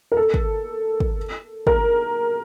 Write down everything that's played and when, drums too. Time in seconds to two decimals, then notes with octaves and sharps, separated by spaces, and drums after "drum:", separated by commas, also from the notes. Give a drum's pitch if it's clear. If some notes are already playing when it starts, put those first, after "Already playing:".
0.12 A#4
0.17 A4
0.34 drum: kick
1.00 drum: kick
1.67 A#4, drum: kick